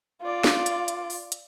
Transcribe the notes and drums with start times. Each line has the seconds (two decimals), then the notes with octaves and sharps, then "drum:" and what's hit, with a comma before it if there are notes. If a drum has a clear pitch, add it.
0.22 F4 D5
0.44 drum: snare
0.66 drum: hi-hat
0.88 drum: hi-hat
1.10 drum: open hi-hat
1.32 drum: hi-hat